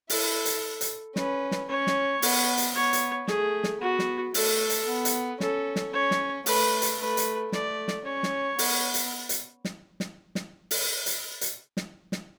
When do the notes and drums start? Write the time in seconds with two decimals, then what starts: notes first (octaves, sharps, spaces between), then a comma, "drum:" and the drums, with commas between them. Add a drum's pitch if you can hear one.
0.10 E4 A4, drum: open hi-hat
0.45 drum: hi-hat
0.81 drum: hi-hat
1.16 C#4 B4, drum: snare
1.51 drum: snare
1.69 C#4 C#5
1.87 drum: snare
2.22 B3, drum: open hi-hat
2.57 drum: hi-hat
2.75 B3 C#5
2.93 drum: hi-hat
3.28 A3 G#4, drum: snare
3.64 drum: snare
3.81 B3 F#4
3.99 drum: snare
4.34 A3 A4, drum: open hi-hat
4.70 drum: hi-hat
4.87 B3
5.05 drum: hi-hat
5.40 C#4 A4, drum: snare
5.76 drum: snare
5.93 C#4 C#5
6.11 drum: snare
6.46 A3 B4, drum: open hi-hat
6.82 drum: hi-hat
6.99 A3 B4
7.17 drum: hi-hat
7.52 A3 D5, drum: snare
7.88 drum: snare
8.05 C#4 C#5
8.23 drum: snare
8.59 B3, drum: open hi-hat
8.94 drum: hi-hat
9.29 drum: hi-hat
9.65 drum: snare
10.00 drum: snare
10.35 drum: snare
10.71 drum: open hi-hat
11.06 drum: hi-hat
11.41 drum: hi-hat
11.77 drum: snare
12.12 drum: snare